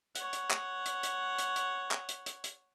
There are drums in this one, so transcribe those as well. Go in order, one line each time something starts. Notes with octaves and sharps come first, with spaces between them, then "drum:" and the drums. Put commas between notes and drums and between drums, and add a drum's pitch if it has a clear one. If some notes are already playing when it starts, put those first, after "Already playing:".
C#5 F#5, drum: hi-hat
drum: hi-hat
drum: clap
drum: hi-hat
drum: hi-hat
drum: hi-hat
drum: hi-hat
drum: clap
drum: hi-hat
drum: hi-hat
drum: hi-hat